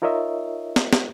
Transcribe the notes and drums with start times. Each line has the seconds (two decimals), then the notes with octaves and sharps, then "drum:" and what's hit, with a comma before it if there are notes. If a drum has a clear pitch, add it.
0.02 D#4 F4 A#4 C#5 D#5 E5
0.76 drum: snare
0.93 drum: snare